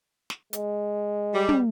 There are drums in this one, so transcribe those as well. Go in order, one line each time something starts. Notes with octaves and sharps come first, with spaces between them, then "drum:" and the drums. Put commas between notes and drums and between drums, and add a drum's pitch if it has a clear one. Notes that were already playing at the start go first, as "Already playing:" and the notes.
drum: snare
G#3, drum: hi-hat
G3
drum: tom